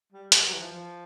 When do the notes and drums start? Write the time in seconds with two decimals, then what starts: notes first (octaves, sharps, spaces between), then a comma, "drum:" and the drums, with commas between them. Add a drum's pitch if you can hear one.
0.12 G3
0.32 G3, drum: hi-hat
0.46 F#3
0.53 E3
0.60 F3
0.72 F3